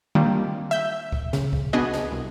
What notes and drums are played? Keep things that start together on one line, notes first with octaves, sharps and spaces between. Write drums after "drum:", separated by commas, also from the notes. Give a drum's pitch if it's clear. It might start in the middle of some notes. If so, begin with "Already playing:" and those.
D#3 G3 A#3 C4 D4 F4
E5 E6 G6
drum: kick C#2
C#3, drum: snare
drum: kick C#2
B3 D4 F#4 G#4 B4 D#5
drum: snare
C2